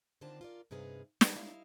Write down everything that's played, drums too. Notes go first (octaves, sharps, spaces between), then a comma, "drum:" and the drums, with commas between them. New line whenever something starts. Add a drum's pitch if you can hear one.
D3 D#3 C4 D4 F4 A5
F4 A#4 D5
G2 C3 D#4 G#4 B4 F5
G3 A#4 B4, drum: snare
D#4 E4 F5